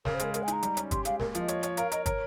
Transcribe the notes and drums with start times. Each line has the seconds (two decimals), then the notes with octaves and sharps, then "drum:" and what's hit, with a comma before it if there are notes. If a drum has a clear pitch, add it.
0.05 C#3 A#4, drum: snare
0.15 C5
0.19 G#3 A#4, drum: hi-hat
0.34 G#3 A#4, drum: hi-hat
0.43 G#5
0.48 D#4, drum: hi-hat
0.53 A#5
0.63 G3, drum: hi-hat
0.77 C#4, drum: hi-hat
0.91 G4 C6, drum: kick, hi-hat
1.05 G#3 F5, drum: hi-hat
1.20 A#3 A#4, drum: snare
1.35 F3 D#5, drum: hi-hat
1.48 C#5, drum: hi-hat
1.63 C#5, drum: hi-hat
1.77 A#4 F5, drum: hi-hat
1.92 A#4 D#5, drum: hi-hat
2.06 A#4 C#5, drum: kick, hi-hat